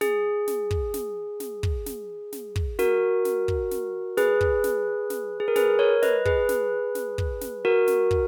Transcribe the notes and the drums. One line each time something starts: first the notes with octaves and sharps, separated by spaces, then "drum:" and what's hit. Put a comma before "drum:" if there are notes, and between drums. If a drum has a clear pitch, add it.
G#4, drum: snare
drum: snare
drum: kick
drum: snare
drum: snare
drum: kick
drum: snare
drum: snare
drum: kick
F#4 A#4, drum: snare
drum: snare
drum: kick
drum: snare
G#4 B4, drum: snare
drum: kick
drum: snare
drum: snare
G#4
A#4
G#4 B4, drum: snare
A#4 C#5
B4 D#5, drum: snare
G#4 B4, drum: kick
drum: snare
drum: snare
drum: kick
drum: snare
F#4 A#4
drum: snare
drum: kick